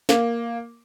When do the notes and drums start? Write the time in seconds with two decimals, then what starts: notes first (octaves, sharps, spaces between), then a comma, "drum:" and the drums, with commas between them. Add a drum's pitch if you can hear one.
0.09 A#3, drum: snare